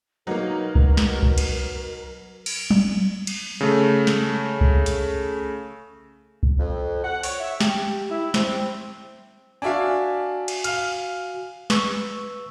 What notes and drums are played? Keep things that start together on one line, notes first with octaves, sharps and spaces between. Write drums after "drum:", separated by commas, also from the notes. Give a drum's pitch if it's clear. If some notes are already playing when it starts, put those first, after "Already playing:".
B2 F#3 A#3 D#4 A#4
drum: kick C2
drum: snare
drum: kick C2
drum: cymbal
drum: cymbal
drum: tom F#3
drum: cymbal
C#3 A3
drum: snare
drum: kick C2
drum: hi-hat
drum: kick C2
F2
F#5
C#5, drum: open hi-hat
E5
G4, drum: snare
E4
C4, drum: snare
D4 F#4 E5 F5 G#5
drum: cymbal
F5 F6, drum: cymbal
B4 C#6 E6, drum: snare